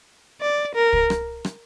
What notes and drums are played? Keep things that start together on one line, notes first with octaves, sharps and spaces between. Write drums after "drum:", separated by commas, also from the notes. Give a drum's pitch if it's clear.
D5
A#4
drum: kick
drum: rim click
drum: rim click